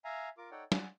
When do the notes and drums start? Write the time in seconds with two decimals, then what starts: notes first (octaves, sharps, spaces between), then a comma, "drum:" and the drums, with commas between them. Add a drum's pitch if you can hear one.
0.04 E5 F5 G#5 A#5
0.38 F4 A#4 D6
0.51 D#4 A4 C#5 D5 F#5 G5
0.72 D5 F#5 G#5, drum: snare